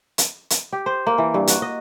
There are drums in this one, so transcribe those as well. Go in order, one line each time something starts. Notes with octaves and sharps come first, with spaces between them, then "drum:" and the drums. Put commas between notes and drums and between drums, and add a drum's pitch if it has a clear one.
drum: hi-hat
drum: hi-hat
G4
C5
A#3
E3
G2
F#4, drum: hi-hat
D#5